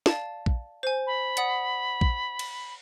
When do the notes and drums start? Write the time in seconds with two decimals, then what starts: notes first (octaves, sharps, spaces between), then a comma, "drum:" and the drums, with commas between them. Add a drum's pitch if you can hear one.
0.06 D5 F5 A5, drum: snare
0.46 drum: kick A#1
0.83 C5 G#5
1.07 B5
1.37 D5 F#5 D#6, drum: hi-hat
2.01 drum: kick A#1
2.39 drum: cymbal